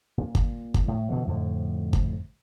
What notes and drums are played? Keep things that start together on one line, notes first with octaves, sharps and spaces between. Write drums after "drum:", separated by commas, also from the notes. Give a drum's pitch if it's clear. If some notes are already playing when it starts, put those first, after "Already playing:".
A#2
drum: kick
drum: kick
A2
B2 D3 E3 F3
F2 A2 D3 F3
drum: kick